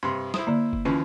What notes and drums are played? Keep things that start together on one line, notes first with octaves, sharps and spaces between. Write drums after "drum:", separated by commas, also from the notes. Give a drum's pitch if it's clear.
G2 C3 C6
E4 C5 D#6, drum: snare
D3 A#3
drum: kick
D#2 E3 F3 C#4